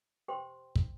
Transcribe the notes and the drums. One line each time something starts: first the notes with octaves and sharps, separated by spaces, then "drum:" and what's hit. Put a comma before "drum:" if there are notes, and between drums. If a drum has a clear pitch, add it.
G4 C5 G5 C6
drum: kick